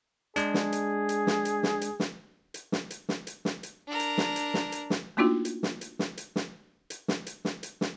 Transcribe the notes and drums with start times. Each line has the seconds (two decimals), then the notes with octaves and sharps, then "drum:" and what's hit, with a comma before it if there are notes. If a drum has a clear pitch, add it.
0.36 G#3 D4 G#4, drum: hi-hat
0.54 drum: snare
0.72 drum: hi-hat
1.09 drum: hi-hat
1.27 drum: snare
1.45 drum: hi-hat
1.63 drum: snare
1.81 drum: hi-hat
2.00 drum: snare
2.54 drum: hi-hat
2.72 drum: snare
2.90 drum: hi-hat
3.09 drum: snare
3.27 drum: hi-hat
3.45 drum: snare
3.63 drum: hi-hat
3.87 D4 A#4
3.99 drum: hi-hat
4.18 drum: snare
4.36 drum: hi-hat
4.54 drum: snare
4.72 drum: hi-hat
4.90 drum: snare
5.17 A3 A#3 D4 D#4 F4 F#4
5.45 drum: hi-hat
5.63 drum: snare
5.81 drum: hi-hat
5.99 drum: snare
6.17 drum: hi-hat
6.36 drum: snare
6.90 drum: hi-hat
7.08 drum: snare
7.26 drum: hi-hat
7.45 drum: snare
7.63 drum: hi-hat
7.81 drum: snare